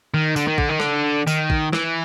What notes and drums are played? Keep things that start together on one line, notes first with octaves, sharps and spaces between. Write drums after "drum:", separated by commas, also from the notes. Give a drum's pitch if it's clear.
D#3
D3, drum: tambourine
D#3
D3, drum: kick
D#3
D3, drum: rim click
D#3, drum: tambourine
drum: kick
E3, drum: rim click